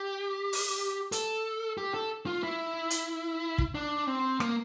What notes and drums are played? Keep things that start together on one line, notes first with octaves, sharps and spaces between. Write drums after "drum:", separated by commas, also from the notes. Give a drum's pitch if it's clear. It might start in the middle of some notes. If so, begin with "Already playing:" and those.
Already playing: G4
drum: open hi-hat
A4, drum: hi-hat
G4
A4
F4
E4
drum: hi-hat
drum: kick
D4
C4
A#3, drum: rim click